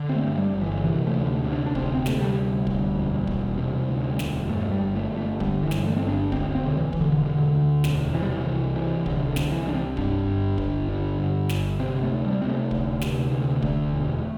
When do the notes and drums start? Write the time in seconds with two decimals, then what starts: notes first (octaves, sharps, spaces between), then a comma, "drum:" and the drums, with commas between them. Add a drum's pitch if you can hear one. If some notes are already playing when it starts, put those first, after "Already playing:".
Already playing: D3
0.09 C4
0.16 A3
0.24 G2
0.38 G3
0.54 G1
0.61 E3
0.84 C3 E3
1.07 A3
1.15 D2
1.45 C3
1.53 D4
1.66 D4
1.75 D2 C4, drum: kick
1.95 C4
2.06 C3 A3, drum: snare
2.21 G3
2.37 D2
2.67 D2, drum: kick
2.97 E1
3.27 E1, drum: kick
3.58 C3
3.88 D2
4.19 E1, drum: snare
4.49 G2 A3
4.72 G3
4.80 G1
4.96 A3
5.11 G1
5.17 A3
5.40 D3 G3, drum: kick
5.63 E3
5.71 G2, drum: snare
5.87 A3
5.98 G1 C4
6.08 D4
6.32 D2 C4, drum: kick
6.55 C4
6.62 E1
6.67 D3
6.77 E3
6.93 E1, drum: kick
7.01 D3
7.24 D3
7.53 D2
7.84 E1, drum: snare
8.14 C3 E3
8.22 G3
8.30 E3
8.45 C2 E3
8.75 C3 E3
9.06 C2 D3, drum: kick
9.28 D3
9.36 C3, drum: snare
9.52 E3
9.67 C2 D4
9.75 C4
9.97 G2 D4, drum: kick
10.28 G1
10.58 G1, drum: kick
10.89 D3
11.19 G2
11.49 G1, drum: snare
11.79 C3 C4
12.03 A3
12.10 D2
12.26 G3
12.41 C3 C4
12.48 A3
12.71 D2, drum: kick
13.01 C3, drum: snare
13.32 D2
13.62 D2, drum: kick
13.93 E1